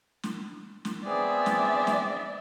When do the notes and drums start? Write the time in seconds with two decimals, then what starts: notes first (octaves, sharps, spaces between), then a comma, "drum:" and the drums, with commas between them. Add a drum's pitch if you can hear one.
0.23 drum: snare
0.85 drum: snare
1.05 B3 C4 G#4 D5 E5
1.46 drum: snare
1.87 drum: snare